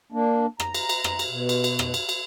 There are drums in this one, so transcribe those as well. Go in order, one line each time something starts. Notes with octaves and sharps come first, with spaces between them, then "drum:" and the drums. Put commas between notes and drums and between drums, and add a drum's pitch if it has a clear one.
A#3 D4
A#5, drum: rim click
drum: cymbal
drum: cymbal
drum: rim click
drum: cymbal
B2
drum: cymbal
drum: cymbal
drum: rim click
drum: cymbal
drum: cymbal